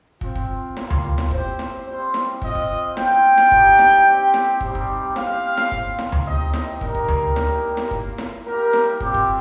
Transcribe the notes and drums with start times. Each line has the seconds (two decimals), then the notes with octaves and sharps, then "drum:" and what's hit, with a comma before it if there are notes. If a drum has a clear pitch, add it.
0.21 C4 F4, drum: kick
0.35 drum: kick
0.77 G3 A#3 F4, drum: snare E4
0.90 drum: tom D2
1.18 drum: snare E4
1.31 C4 G4 C5, drum: kick
1.59 drum: snare E4
1.86 G3 C4 F4 C5
2.14 drum: snare E4
2.42 C4 F4 D#5, drum: kick
2.55 drum: kick
2.97 C4 F4 G5, drum: snare E4
3.38 drum: snare E4
3.52 G3 D#4 G4, drum: kick
3.79 drum: snare E4
4.06 C4 G4
4.34 drum: snare E4
4.61 G3 C4 D#4 G4, drum: kick
4.75 drum: kick
5.16 C4 G4 F5, drum: snare E4
5.57 drum: snare E4
5.72 C4 F4, drum: kick
5.99 drum: snare E4
6.12 drum: tom D2
6.26 C4 D#4 G4 D#5
6.53 drum: snare E4
6.81 G3 D#4 G4 A#4, drum: kick
6.95 drum: kick
7.08 drum: tom D2
7.36 G3 A#3 D#4 G4, drum: snare E4
7.77 drum: snare E4
7.91 A#3 F4, drum: kick
8.18 drum: snare E4
8.46 G3 A#3 G4 A#4
8.73 drum: snare E4
9.00 G3 C4 F4 G4, drum: kick
9.14 drum: kick